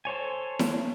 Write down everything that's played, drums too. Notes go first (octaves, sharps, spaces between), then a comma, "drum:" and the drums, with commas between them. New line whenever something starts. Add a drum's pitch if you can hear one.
A4 C5 C#5 G#5
drum: snare E4